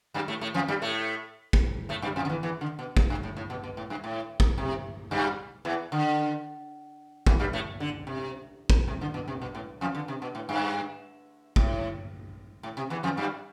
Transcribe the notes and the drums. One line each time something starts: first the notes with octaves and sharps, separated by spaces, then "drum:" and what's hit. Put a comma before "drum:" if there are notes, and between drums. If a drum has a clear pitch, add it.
G2 G3
A2 A3
A2 A3
F2 F3
G2 G3
A2 A3
drum: kick
A2 A3
G2 G3
F2 F3
D3
E2 E3
E2 E3
D3
B2
drum: kick
G2
A2
A2
B2
B2
A2
G2
A2
drum: kick
C3
G2 G3
E2 E3
D3
E2 E3, drum: kick
G2 G3
A2 A3
D3
C3
drum: kick
C3
D3
B2
C3
B2
A2
F2 F3
D3
C3
B2
A2
G2
A2, drum: kick
A2
C3
E2 E3
F2 F3
G2 G3